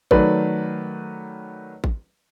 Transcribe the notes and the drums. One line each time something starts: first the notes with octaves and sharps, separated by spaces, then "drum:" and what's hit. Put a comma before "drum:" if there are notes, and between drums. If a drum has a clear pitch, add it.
D#3 F#3 A3 B4 D5, drum: kick A1
drum: kick A1